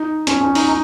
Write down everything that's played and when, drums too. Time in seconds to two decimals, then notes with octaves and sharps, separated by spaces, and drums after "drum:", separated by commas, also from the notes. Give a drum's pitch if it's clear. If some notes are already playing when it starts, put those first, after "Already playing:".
Already playing: D#4
0.27 C#4, drum: hi-hat
0.41 C#4
0.55 D#4, drum: open hi-hat
0.69 D#4